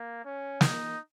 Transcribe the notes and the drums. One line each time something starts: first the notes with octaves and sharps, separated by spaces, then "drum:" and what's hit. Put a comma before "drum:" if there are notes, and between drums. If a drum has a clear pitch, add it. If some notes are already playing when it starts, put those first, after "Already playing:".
Already playing: A#3
C#4
D#4, drum: snare